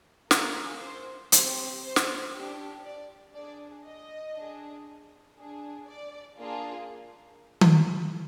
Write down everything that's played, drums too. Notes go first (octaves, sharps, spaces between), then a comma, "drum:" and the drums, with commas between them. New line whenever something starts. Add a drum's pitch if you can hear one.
A#3 F4 G#4 A#4, drum: snare
C5
C4 G4 C5, drum: hi-hat
C5
drum: snare
G4
D4
D5
D4 G#4 D5
D#5
D4 G#4
D4 G#4
D5
A#3 D4 F4 G#4
drum: tom D#3